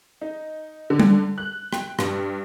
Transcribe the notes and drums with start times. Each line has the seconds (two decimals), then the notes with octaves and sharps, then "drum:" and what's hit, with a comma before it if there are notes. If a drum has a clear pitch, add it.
0.22 D#4
0.90 D3
1.00 drum: tom G3
1.38 F#6
1.73 G5, drum: rim click
1.99 G2, drum: rim click